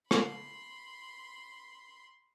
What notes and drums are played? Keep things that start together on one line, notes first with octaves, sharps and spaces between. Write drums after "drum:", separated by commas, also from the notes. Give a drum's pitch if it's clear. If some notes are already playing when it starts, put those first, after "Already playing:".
B5 C6, drum: rim click